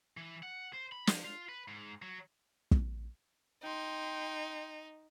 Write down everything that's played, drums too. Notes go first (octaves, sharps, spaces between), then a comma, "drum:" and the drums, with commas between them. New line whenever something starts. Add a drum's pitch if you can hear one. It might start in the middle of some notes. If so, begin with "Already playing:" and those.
E3
F#5
C5
B5
F3, drum: snare
F4
B4
G#2
F#3
drum: kick
D#4 G5 C6